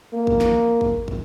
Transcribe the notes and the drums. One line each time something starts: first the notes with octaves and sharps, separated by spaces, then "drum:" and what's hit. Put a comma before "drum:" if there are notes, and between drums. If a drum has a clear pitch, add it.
A#3
drum: kick
drum: snare
drum: kick
drum: kick